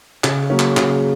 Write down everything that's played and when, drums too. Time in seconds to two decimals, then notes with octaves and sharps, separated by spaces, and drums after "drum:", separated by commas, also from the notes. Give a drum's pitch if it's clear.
0.24 C#3, drum: clap
0.50 F#3 A#3 C#4
0.59 drum: clap
0.77 C#3, drum: clap